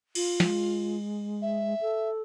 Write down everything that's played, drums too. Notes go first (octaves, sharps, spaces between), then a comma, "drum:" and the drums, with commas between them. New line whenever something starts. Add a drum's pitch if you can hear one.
F4, drum: cymbal
G#3, drum: snare
E5
A4